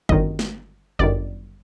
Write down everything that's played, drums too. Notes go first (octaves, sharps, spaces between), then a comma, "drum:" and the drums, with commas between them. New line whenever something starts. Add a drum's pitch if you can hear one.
G1 F#2 D#3 D#5, drum: kick
drum: snare
G1 F#2 D#3 D5